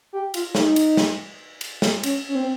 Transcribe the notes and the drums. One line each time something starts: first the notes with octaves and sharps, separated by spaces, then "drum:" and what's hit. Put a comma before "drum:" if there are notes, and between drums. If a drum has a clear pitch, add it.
G4
F4, drum: cymbal
D#4, drum: snare
drum: cymbal
drum: snare
drum: cymbal
drum: snare
C#4, drum: cymbal
C#4
C4